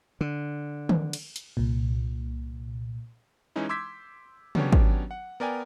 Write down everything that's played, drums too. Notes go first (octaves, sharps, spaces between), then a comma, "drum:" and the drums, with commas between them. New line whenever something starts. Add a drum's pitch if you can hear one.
D3
drum: tom
drum: cymbal
drum: hi-hat
C2 A#2
E3 G#3 C#4 D#4 E4
C6 D6 E6 G6 G#6 B6
F#3 B3 C#4 D4 G4 C#5, drum: tom
drum: kick
F#5
B3 A#4 D5 G5 G#5